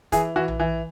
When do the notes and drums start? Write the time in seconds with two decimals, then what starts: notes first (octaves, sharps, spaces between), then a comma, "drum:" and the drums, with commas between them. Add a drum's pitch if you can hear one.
0.12 E3 G#4, drum: kick, hi-hat
0.36 E3 F#4
0.48 drum: tom A#1
0.60 E3